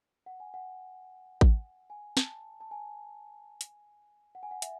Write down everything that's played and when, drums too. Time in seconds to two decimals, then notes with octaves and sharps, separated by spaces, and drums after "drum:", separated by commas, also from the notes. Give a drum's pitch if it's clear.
0.26 F#5
0.40 G#5
0.54 F#5
1.41 drum: kick A1
1.90 G#5
2.17 A5, drum: snare
2.61 A5
2.71 G#5
3.61 drum: hi-hat
4.35 F#5
4.43 G#5
4.51 F#5
4.62 E5, drum: hi-hat